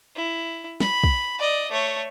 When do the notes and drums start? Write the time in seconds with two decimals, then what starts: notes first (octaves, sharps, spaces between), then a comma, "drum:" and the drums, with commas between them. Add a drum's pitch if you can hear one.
0.16 E4
0.80 B5, drum: snare
1.04 drum: kick
1.39 D5 D#5
1.72 A3 C#5